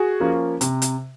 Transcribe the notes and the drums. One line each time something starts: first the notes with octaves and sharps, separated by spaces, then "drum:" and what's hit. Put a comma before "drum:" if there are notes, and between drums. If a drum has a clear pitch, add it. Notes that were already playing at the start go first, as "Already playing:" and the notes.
Already playing: F#4 G#4
F3 A#3 C#4
C3, drum: hi-hat
drum: hi-hat